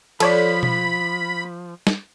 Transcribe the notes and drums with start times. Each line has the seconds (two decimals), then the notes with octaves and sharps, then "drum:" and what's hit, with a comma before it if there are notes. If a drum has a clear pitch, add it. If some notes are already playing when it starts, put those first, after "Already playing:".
0.20 F3 A4 C#5 D5 B5, drum: cymbal
0.63 drum: tom B2
1.87 drum: snare